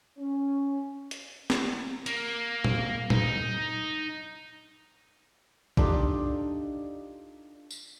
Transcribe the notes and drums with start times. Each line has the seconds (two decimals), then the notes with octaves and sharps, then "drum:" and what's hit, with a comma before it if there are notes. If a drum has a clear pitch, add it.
0.17 C#4
1.11 drum: hi-hat
1.50 drum: snare
2.06 A#3, drum: hi-hat
2.64 drum: tom A#2
3.10 D#4, drum: tom A#2
5.77 D4 D#4 F4 G4 A4, drum: kick A#1
7.71 drum: tambourine